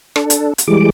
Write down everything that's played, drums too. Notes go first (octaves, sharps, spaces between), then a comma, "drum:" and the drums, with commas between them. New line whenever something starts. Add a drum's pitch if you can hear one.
D4 A4, drum: rim click
drum: hi-hat
drum: hi-hat
E3 G3 G#3 D6